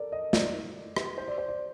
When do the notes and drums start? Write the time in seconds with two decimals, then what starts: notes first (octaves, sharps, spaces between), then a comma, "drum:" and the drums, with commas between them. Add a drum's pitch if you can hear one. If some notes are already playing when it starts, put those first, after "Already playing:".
Already playing: A4 A#4 D5
0.12 D#5
0.33 D5, drum: snare
0.96 drum: rim click
1.18 C5
1.28 D5
1.38 C5
1.48 D5